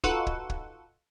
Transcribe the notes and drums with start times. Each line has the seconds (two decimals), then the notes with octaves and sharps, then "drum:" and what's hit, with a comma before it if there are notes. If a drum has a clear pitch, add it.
0.04 D#4 F4 F#4 A4 B4 F#5, drum: kick C#1
0.27 drum: kick C#1
0.50 drum: kick C#1